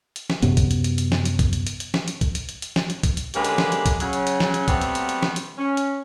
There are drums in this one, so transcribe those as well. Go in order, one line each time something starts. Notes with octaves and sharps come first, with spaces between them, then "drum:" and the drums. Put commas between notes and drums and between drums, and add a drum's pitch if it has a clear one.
drum: hi-hat
drum: snare
F#2 C3 B3, drum: hi-hat
drum: kick, hi-hat
drum: hi-hat
drum: hi-hat
drum: hi-hat
drum: snare
drum: hi-hat
drum: kick, hi-hat
drum: hi-hat
drum: hi-hat
drum: hi-hat
drum: snare
drum: hi-hat
drum: kick, hi-hat
drum: hi-hat
drum: hi-hat
drum: hi-hat
drum: snare
drum: hi-hat
drum: kick, hi-hat
drum: hi-hat
D3 G#3 A#3 C#4 G4 B4, drum: hi-hat
drum: hi-hat
drum: snare
drum: hi-hat
drum: kick, hi-hat
C#3 F#3, drum: hi-hat
drum: hi-hat
drum: hi-hat
drum: snare
drum: hi-hat
F#3 G3 A3 B3 C4, drum: kick, hi-hat
drum: hi-hat
drum: hi-hat
drum: hi-hat
drum: snare
drum: hi-hat
C#4
drum: hi-hat